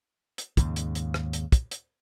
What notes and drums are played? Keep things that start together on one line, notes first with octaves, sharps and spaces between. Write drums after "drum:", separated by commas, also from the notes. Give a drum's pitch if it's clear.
drum: hi-hat
D#2 G#2 C#3, drum: kick, hi-hat
drum: hi-hat
drum: hi-hat
drum: rim click
drum: hi-hat
drum: kick, hi-hat
drum: hi-hat